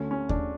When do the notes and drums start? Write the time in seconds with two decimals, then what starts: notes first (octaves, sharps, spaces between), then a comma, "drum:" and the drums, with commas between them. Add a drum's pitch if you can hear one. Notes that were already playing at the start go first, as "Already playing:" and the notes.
Already playing: D2 D3 A3 C#4
0.11 C#4
0.29 D4, drum: kick D#2